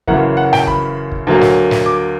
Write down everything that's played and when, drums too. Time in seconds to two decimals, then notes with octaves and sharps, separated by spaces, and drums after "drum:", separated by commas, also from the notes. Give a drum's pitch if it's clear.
0.07 F#2 C#3 E3 A#3 F#5, drum: kick
0.37 F#5
0.53 G5, drum: snare
0.67 B5, drum: kick
1.12 drum: kick
1.27 D2 D3 F#3 A#3
1.41 drum: snare
1.71 drum: snare
1.86 D6